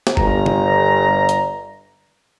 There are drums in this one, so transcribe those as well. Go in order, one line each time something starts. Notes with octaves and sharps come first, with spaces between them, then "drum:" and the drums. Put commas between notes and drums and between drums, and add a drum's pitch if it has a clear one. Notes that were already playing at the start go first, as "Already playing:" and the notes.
drum: snare
G1 A#5, drum: kick F#1
drum: tom
drum: hi-hat